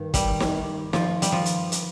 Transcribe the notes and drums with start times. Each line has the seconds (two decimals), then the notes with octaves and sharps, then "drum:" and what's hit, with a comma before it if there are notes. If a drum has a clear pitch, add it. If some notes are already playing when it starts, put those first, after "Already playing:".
Already playing: G2 D#3 A#3
0.14 G3, drum: kick, hi-hat
0.40 drum: snare
0.93 F3, drum: snare
1.22 G3, drum: hi-hat
1.32 F3
1.46 drum: hi-hat
1.72 drum: hi-hat